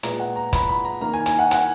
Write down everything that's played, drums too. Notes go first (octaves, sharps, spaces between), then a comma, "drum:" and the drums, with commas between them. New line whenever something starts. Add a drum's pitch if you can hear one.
A#2 G#3 B3 A#5, drum: hi-hat
F#5
A#5
B5, drum: kick, hi-hat
B5
A#5
D#3 A#3 A#5
G#5
G#5, drum: hi-hat
F#5
F#5, drum: hi-hat